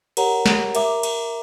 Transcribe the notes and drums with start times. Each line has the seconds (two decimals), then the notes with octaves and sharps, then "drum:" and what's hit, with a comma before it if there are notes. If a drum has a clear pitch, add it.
0.17 G4 A#4 C#5 F#5 A#5, drum: cymbal
0.46 drum: snare
0.75 A#4 E5 A#5 D6, drum: cymbal
1.03 drum: cymbal